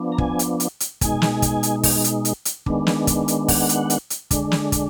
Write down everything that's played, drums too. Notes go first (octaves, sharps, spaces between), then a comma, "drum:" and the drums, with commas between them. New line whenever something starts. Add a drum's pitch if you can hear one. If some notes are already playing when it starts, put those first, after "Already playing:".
Already playing: F3 B3 D4
A#5
G#5, drum: kick
drum: hi-hat
drum: hi-hat
drum: hi-hat
B2 G#3 D#4 G#5, drum: kick, hi-hat
drum: snare
drum: kick, hi-hat
drum: hi-hat
drum: kick, open hi-hat
drum: hi-hat
drum: hi-hat
drum: hi-hat
D#3 G#3 B3 D4, drum: kick
drum: snare
drum: kick, hi-hat
drum: hi-hat
F#5, drum: kick, open hi-hat
drum: hi-hat
drum: hi-hat
drum: hi-hat
D3 G#3 D4, drum: kick, hi-hat
drum: snare
drum: kick, hi-hat